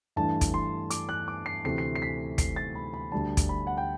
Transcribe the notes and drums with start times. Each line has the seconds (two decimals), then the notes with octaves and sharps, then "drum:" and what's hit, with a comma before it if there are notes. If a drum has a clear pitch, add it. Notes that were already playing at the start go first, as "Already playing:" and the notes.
0.16 G2 E3 A3 D4 A5
0.41 drum: kick, hi-hat
0.54 C6
0.90 D6, drum: hi-hat
1.09 F#6
1.28 D6
1.46 C7
1.64 D2 C3 E3 A3 C4 C7
1.78 C7
1.95 C7
2.02 B6
2.38 C7, drum: kick, hi-hat
2.56 A6
2.75 B5
2.94 B5
3.12 D2 D3 G3 D4 A5
3.37 drum: kick, hi-hat
3.49 B5
3.67 F#5
3.77 G5